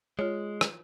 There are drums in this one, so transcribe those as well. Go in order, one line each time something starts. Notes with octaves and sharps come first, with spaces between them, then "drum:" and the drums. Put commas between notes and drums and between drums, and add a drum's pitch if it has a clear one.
G#3 F4 C#5
drum: rim click